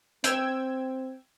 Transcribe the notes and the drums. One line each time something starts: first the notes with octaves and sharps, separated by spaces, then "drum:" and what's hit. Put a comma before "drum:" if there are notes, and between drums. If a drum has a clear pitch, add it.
C4 G5 E6 G#6, drum: hi-hat